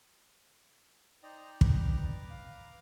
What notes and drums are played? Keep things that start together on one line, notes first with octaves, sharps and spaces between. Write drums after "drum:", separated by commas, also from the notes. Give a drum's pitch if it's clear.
D#4 C5 D5 D#5 G5 A#5
B4 A#5 D6, drum: kick
F5